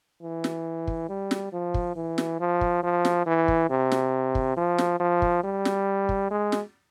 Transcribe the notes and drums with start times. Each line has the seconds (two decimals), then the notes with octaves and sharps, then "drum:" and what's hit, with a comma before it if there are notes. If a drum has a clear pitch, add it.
0.22 E3
0.44 drum: snare
0.87 drum: kick
1.09 G3
1.31 drum: snare
1.52 F3
1.74 drum: kick
1.96 E3
2.18 drum: snare
2.40 F3
2.61 drum: kick
2.83 F3
3.05 drum: snare
3.26 E3
3.48 drum: kick
3.70 C3
3.92 drum: snare
4.35 drum: kick
4.57 F3
4.78 drum: snare
5.00 F3
5.22 drum: kick
5.44 G3
5.65 drum: snare
6.09 drum: kick
6.31 G#3
6.52 drum: snare